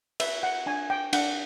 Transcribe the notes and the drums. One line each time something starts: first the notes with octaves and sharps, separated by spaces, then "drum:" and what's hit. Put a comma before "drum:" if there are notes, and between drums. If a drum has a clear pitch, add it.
B4 E5, drum: cymbal
F#5
D4 G#5
G5
D4 F#5, drum: cymbal